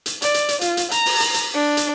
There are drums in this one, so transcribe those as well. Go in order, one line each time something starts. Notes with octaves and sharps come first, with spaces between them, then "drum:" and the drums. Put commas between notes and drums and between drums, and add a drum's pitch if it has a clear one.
drum: hi-hat
D5, drum: hi-hat
drum: hi-hat
drum: hi-hat
F4, drum: hi-hat
drum: hi-hat
A#5, drum: hi-hat
drum: open hi-hat
drum: hi-hat
drum: hi-hat
D4
drum: hi-hat